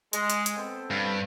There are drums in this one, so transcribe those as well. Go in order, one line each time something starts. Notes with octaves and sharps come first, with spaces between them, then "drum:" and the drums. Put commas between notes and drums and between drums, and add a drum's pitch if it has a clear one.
G#3, drum: hi-hat
drum: hi-hat
drum: hi-hat
B3 C4 A4
G2